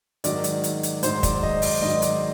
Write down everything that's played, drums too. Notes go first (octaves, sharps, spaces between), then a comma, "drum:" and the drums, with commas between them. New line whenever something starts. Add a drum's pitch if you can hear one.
G#2 D#3 F#3 D5, drum: hi-hat
drum: hi-hat
drum: hi-hat
drum: hi-hat
G#2 D#3 F#3 C5, drum: hi-hat
D5, drum: kick, hi-hat
D#5
D5, drum: open hi-hat
G#2 D#3 F#3 D#5
D5, drum: hi-hat